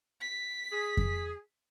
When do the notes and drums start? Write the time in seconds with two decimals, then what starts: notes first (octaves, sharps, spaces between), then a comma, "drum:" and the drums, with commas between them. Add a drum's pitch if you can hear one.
0.21 B6
0.72 G#4
0.97 drum: kick F2